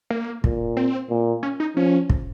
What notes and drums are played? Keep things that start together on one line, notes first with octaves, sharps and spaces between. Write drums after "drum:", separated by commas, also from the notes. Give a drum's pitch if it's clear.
A#3
A#2, drum: kick
C4
A#2
C#4
D#4
F3 C#4
drum: kick